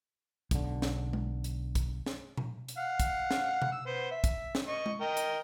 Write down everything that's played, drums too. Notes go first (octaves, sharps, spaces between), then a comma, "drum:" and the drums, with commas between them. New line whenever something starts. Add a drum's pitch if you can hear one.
B1 D3, drum: kick, hi-hat
drum: snare
drum: tom G#3
drum: hi-hat
drum: kick, hi-hat
drum: snare
drum: tom A#2
drum: hi-hat
F5 F#5
drum: kick, hi-hat
drum: snare
drum: tom B2
E6
B3 C5
E5
drum: kick, hi-hat
drum: snare
D#5 C#6
drum: tom G#3
A#4 D#5 G5
drum: hi-hat